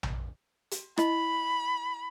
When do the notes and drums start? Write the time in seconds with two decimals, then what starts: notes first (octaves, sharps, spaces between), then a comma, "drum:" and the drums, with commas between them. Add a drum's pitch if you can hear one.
0.03 drum: tom A#1
0.71 drum: hi-hat
0.98 E4 D#5 B5, drum: rim click